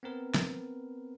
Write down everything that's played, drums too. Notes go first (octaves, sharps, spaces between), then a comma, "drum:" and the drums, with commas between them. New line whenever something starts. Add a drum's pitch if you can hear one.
B3 C4 A#4 B4
drum: snare